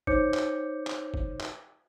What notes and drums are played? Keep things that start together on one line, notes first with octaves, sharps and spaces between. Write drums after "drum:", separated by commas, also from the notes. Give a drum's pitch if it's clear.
D#4 C5 C#5 D6 G6 C#7, drum: kick
drum: clap
drum: clap
drum: kick
drum: clap